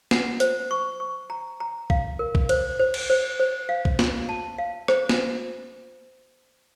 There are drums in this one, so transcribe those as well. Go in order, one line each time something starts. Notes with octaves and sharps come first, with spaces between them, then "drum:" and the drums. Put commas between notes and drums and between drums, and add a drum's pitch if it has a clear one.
F#5, drum: snare
C5, drum: hi-hat
C#6
C#6
A#5
A#5
F5, drum: kick B1
A#4
drum: kick B1
C5, drum: cymbal
C5
drum: cymbal
C5
C5
F5
drum: kick B1
C6, drum: snare
A5
F5
C5, drum: rim click
drum: snare